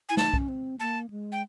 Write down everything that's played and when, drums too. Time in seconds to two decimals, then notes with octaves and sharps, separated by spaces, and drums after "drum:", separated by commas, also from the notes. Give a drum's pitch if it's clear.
0.09 E4 G#5
0.17 D#4 A5, drum: snare
0.34 C#4, drum: kick B1
0.48 C4
0.80 A#3 A5
1.10 G#3
1.32 G5